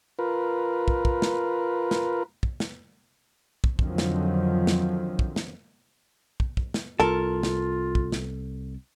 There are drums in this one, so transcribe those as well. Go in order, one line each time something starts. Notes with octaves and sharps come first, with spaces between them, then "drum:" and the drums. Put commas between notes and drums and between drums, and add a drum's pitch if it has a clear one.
F4 A#4 B4
drum: kick
drum: kick
drum: snare
drum: snare
drum: kick
drum: snare
drum: kick
F2 D3 D#3 F3 F#3, drum: kick
drum: snare
drum: snare
drum: kick
drum: snare
drum: kick
drum: kick
drum: snare
C2 F4 A4 A#4 A5
drum: snare
drum: kick
drum: snare